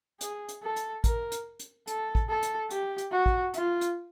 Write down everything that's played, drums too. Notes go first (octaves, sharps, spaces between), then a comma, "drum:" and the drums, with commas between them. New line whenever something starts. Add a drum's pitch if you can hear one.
G#4, drum: hi-hat
drum: hi-hat
A4
drum: hi-hat
A#4, drum: kick A1, hi-hat
drum: hi-hat
drum: hi-hat
A4, drum: hi-hat
drum: kick A1
A4
drum: hi-hat
G4, drum: hi-hat
drum: hi-hat
F#4
drum: kick A1
F4, drum: hi-hat
drum: hi-hat